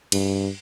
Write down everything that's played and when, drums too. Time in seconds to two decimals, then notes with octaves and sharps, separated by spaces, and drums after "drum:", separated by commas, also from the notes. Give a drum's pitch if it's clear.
0.12 G2, drum: cymbal